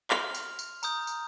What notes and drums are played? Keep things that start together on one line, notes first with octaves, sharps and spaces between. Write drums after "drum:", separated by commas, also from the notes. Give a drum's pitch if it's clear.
C6 F6 F7, drum: clap
drum: tambourine
drum: tambourine
A#5 D#6 G6, drum: tambourine
drum: tambourine